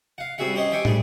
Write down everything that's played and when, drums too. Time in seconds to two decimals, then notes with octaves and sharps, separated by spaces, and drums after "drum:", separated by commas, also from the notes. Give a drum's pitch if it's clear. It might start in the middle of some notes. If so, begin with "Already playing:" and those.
0.18 F5 F#5
0.38 G3 C4 F#4 G#4 E5 F#5
0.54 C#4 G4 C5 C#5 D#5
0.71 C5 E5 G5 G#5 C#6 D6
0.85 G3 A3 D4 G#4, drum: tom